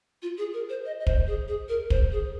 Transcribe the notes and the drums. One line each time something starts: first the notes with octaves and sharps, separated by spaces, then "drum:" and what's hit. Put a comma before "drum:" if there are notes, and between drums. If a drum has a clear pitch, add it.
F4
G#4
A#4
C5
D#5
D#5
C5, drum: kick
G#4
G#4
A#4
C5, drum: kick
G#4